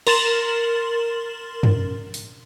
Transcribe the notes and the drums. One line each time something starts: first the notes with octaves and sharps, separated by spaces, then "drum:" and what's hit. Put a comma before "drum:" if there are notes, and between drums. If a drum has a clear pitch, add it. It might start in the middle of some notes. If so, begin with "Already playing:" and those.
A#4 C6 A6 E7 F#7, drum: cymbal
drum: tom F#2
drum: open hi-hat